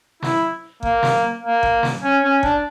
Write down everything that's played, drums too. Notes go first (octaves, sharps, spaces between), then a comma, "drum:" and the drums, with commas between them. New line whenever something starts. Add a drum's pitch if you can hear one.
E4, drum: snare
A#3, drum: kick G1
drum: snare
A#3
drum: kick G1
drum: snare
C#4
C#4
D4, drum: kick G1